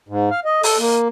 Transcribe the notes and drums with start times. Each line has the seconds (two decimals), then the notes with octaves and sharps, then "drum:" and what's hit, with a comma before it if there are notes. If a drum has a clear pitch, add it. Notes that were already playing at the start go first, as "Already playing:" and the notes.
0.09 G#2
0.31 F5
0.45 D#5
0.63 A4, drum: open hi-hat
0.78 A#3